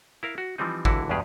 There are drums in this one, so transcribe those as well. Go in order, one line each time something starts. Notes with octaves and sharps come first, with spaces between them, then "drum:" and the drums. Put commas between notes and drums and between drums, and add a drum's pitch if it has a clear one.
E4 A#4 F5
F#4
E3 F3 G3 C4 D#4
C#2 D3 E3 E4 F#4, drum: kick G#1
E2 G2 B2 G#3 G4 G#4